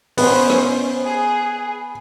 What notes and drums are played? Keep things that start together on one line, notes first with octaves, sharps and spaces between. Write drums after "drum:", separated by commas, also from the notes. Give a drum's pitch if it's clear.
B3 C#4 C5, drum: open hi-hat
drum: rim click
G#4